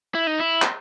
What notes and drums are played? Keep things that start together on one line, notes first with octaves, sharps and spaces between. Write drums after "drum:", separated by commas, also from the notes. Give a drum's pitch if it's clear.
E4
D#4
E4
drum: clap